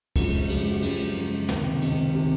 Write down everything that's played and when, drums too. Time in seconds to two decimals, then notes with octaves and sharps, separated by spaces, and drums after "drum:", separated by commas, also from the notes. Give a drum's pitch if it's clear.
0.16 F#2 C#3 F3 G#3 F#4, drum: kick, cymbal
0.49 F#2 C#3 F3 G#3 F#4, drum: cymbal
0.61 G4
0.71 F#4
0.82 F#2 C#3 F3 G#3, drum: cymbal
1.16 F#2 C#3 F3 G#3
1.48 C#2 C3 D#3, drum: snare
1.82 C#2 C3 D#3, drum: cymbal
2.15 C3 D#3 G4